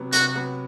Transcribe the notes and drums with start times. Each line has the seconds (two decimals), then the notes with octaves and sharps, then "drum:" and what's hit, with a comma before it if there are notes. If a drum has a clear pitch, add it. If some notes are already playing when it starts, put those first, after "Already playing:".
Already playing: C3 F#3 B3
0.12 C3 F#4, drum: hi-hat
0.35 F#3 B3